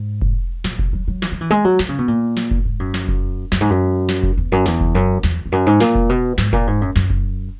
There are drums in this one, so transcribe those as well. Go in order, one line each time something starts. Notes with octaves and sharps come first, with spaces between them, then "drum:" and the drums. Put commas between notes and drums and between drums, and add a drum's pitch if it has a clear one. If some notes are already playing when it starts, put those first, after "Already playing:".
Already playing: G#2
drum: kick F1
A#2, drum: snare
drum: kick F1
F#3
F#3
E3, drum: snare
F#3
E3
G#3
F#3
D#3, drum: snare
C#3
B2
A#2
drum: snare
drum: kick F1
G#2
F#2
drum: snare
drum: kick F1
F#2, drum: snare
G#2
F#2
drum: snare
drum: kick F1
E2
F#2
E2, drum: snare
drum: kick F1
F#2
E2, drum: snare
E2
F#2
G#2
A#2, drum: snare
drum: kick F1
B2
G#2, drum: snare
A#2, drum: kick F1
G#2
F#2
F#2, drum: snare
drum: kick F1